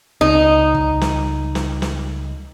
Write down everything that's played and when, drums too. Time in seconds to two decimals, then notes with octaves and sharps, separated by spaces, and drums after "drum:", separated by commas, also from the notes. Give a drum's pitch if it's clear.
0.21 C#2 D#4
0.75 drum: kick
1.01 drum: snare
1.55 drum: snare
1.82 drum: snare